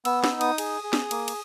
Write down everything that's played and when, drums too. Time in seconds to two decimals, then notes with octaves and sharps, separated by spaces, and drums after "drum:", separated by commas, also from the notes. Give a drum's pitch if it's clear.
0.05 B3 E6, drum: cymbal
0.24 E6, drum: snare
0.31 D#4
0.41 D#6, drum: cymbal
0.58 G#4, drum: cymbal
0.84 G#4
0.93 drum: snare
1.11 A#3, drum: cymbal
1.28 drum: cymbal